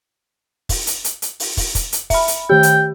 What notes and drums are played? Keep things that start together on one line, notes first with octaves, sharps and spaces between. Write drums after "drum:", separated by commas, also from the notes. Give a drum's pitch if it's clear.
drum: kick, open hi-hat
drum: hi-hat
drum: hi-hat
drum: hi-hat
drum: open hi-hat
drum: kick, open hi-hat
drum: kick, hi-hat
drum: hi-hat
E5 B5, drum: kick, open hi-hat
drum: hi-hat
D#3 G4 G5
drum: hi-hat